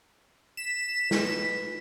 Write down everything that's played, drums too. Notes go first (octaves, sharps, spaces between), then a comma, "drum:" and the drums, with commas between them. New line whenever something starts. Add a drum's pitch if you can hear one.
B6 E7
D#4 F4 B4, drum: snare